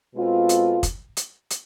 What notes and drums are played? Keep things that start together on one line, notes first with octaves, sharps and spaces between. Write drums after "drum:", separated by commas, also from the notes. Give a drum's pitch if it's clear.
B2 G#3 C4 F4 A4
drum: hi-hat
drum: kick, hi-hat
drum: hi-hat
drum: hi-hat